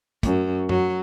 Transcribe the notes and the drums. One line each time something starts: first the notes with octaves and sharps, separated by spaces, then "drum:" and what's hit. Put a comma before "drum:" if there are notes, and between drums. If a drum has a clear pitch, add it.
F#2, drum: kick, hi-hat
F#3, drum: tom F#2